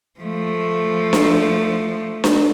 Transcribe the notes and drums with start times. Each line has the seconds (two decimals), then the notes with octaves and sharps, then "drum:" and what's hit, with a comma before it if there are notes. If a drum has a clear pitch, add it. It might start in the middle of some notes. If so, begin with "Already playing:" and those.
0.20 F3 A3
1.13 drum: snare D4
2.24 drum: snare D4